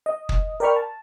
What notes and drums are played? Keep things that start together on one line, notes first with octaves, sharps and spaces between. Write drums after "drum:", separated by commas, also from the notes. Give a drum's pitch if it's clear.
D#5
drum: kick
A#4 D5 G5 B5 C#6 F6
A5